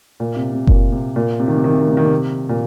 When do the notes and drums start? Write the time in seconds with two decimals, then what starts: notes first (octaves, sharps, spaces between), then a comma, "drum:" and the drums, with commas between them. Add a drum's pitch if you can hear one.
0.20 A#2
0.36 C3
0.52 C3
0.67 A#2, drum: kick F#1
0.92 C3
1.16 A#2
1.40 C3
1.48 D#3
1.56 C3
1.64 D#3
1.73 C3
1.81 D#3
1.89 C3
1.97 D#3
2.06 C3
2.49 A#2